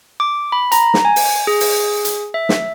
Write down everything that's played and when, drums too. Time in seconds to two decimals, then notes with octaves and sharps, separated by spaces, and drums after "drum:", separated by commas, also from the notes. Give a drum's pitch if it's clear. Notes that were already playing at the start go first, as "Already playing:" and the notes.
0.20 D6
0.52 B5
0.72 A#5, drum: hi-hat
0.94 drum: snare
1.05 G#5
1.16 drum: open hi-hat
1.47 G#4
1.60 drum: open hi-hat
2.05 drum: hi-hat
2.34 E5
2.49 drum: snare